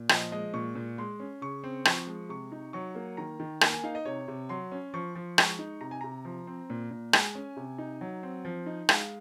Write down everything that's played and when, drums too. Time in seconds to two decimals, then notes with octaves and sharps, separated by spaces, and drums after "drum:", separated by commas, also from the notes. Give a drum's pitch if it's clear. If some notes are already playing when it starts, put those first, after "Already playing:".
Already playing: A#2
0.09 F3 D#5, drum: rim click
0.32 G#3 D#5
0.54 A#2 C#6
0.75 A#2
0.98 G#3 C6
1.20 C#4
1.42 C#3 C#6
1.64 C4
1.85 F3 C#6, drum: rim click
2.07 G#3
2.29 C3 C#6
2.52 D#4
2.73 F#3 C#6
2.95 A#3
3.17 D#3 A#5
3.40 D#3
3.61 A#3 G#5, drum: rim click
3.72 G#5
3.84 D#4 F5
3.95 D#5
4.05 C3 C#5
4.28 C3
4.49 F#3 C6
4.72 C#4
4.94 F3 C#6
5.15 F3
5.38 G#3 C#6, drum: rim click
5.59 D#4
5.81 C3 A#5
5.91 G#5
6.01 C3 A#5
6.25 F3
6.47 C4
6.70 A#2
6.91 A#2
7.13 G#3 G#5, drum: rim click
7.35 C#4
7.57 C3
7.78 D#4
8.01 F#3
8.23 C4
8.45 F3
8.66 D#4
8.89 G#3 F5, drum: rim click